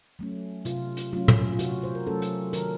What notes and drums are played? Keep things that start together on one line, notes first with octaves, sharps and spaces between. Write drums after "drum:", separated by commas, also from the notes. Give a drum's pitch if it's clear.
F#3 A3 C#4
C3 F4, drum: hi-hat
drum: hi-hat
F#3 A3 C#4 F4
drum: tom
F4
C3 F#4, drum: hi-hat
C5
A#4
F#3 A3 C#4 A4
drum: hi-hat
D#3 A#4, drum: hi-hat